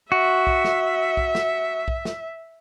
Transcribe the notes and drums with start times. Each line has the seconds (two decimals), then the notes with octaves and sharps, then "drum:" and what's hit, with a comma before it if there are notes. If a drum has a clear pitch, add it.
0.12 F#4 E5
0.47 drum: kick B1
0.64 drum: snare
1.17 drum: kick B1
1.35 drum: snare
1.88 drum: kick B1
2.05 drum: snare